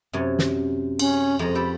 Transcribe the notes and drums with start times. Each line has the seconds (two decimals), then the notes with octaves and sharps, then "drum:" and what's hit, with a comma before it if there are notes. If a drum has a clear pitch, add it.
0.13 F#2 C3 C#5
0.39 drum: snare
0.99 C#4, drum: cymbal
1.39 F2 G#3 A#5
1.55 G4 A4 B4 B5